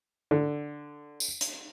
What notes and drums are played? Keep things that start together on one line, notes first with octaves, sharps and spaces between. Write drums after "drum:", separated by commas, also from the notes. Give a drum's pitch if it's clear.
D3
drum: tambourine
drum: hi-hat